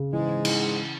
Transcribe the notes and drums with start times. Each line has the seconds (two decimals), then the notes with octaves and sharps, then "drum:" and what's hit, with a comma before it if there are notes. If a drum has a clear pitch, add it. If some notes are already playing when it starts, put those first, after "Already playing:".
Already playing: C#3
0.13 G#2 E3 G#3
0.45 E3, drum: cymbal